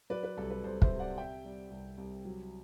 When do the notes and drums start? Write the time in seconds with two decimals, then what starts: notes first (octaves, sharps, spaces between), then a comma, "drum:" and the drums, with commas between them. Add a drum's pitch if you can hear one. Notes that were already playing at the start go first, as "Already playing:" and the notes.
0.10 F#3 B4 D5
0.23 B4
0.37 C2 A4
0.51 B4
0.63 C2 A4 C5
0.82 C5 E5, drum: kick
0.91 C3
0.99 D5 F#5
1.18 C3 E5 G5
1.45 G3
1.71 C2
1.98 C2
2.25 F#3